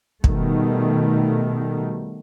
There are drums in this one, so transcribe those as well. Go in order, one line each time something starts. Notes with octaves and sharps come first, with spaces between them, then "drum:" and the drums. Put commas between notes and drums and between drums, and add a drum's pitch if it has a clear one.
B2 D#3 G3 A3, drum: kick